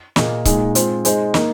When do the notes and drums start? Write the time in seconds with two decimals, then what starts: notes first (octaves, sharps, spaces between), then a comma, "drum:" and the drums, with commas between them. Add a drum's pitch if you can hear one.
0.16 A#2 A#3 G#4 D#5, drum: snare
0.45 A#2 G#3 D#4, drum: kick C#1, hi-hat
0.75 G#3 C4 F4 C5, drum: hi-hat
1.05 G#3 D#4 C5 D#5, drum: hi-hat
1.34 A#3 D#4 A#4, drum: snare